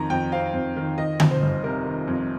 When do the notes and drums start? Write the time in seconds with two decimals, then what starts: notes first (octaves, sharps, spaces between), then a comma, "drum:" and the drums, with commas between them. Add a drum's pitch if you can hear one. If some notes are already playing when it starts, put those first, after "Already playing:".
Already playing: F2 D#3 A#5
0.10 F2 G5
0.32 C4 F5
0.54 F2
0.76 D#3
0.98 D#3 D#5
1.20 F2, drum: tom D3
1.31 C5
1.42 G1
1.64 C3 A#4
1.85 D#3
2.07 F2